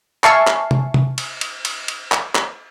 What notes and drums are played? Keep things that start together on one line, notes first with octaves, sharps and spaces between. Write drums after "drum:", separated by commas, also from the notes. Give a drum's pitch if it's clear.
E5 G#5 A5 C#6 F6 C7, drum: clap
drum: clap
drum: tom C3
drum: tom C3
drum: cymbal
drum: cymbal
drum: cymbal
drum: cymbal
drum: clap
drum: clap